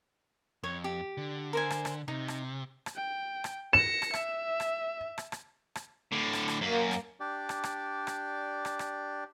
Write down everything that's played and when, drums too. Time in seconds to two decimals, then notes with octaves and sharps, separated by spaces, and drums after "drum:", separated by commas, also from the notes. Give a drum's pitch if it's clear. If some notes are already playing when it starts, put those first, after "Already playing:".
0.63 F2 C#5
0.84 G4
1.17 D3
1.53 A#4 C5 G#5
1.70 drum: rim click
1.85 drum: rim click
2.08 C3 D#4
2.28 drum: rim click
2.86 drum: rim click
2.96 G5
3.44 drum: rim click
3.73 A#6 C#7 E7
4.02 drum: rim click
4.13 E5, drum: rim click
4.60 drum: rim click
5.18 drum: rim click
5.32 drum: rim click
5.75 drum: rim click
6.12 A2 D3
6.33 drum: rim click
6.48 drum: rim click
6.61 F#2 A#3
6.91 drum: rim click
7.20 D4 G4 D5
7.49 drum: rim click
7.64 drum: rim click
8.07 drum: rim click
8.65 drum: rim click
8.79 drum: rim click